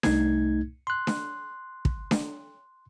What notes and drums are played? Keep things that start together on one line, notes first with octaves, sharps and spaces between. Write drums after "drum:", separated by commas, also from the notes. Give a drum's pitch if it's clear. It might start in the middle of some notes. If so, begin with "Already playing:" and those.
C2 A3 D#4 G#6, drum: snare D4
C6 F#6
drum: snare D4
drum: kick
drum: snare D4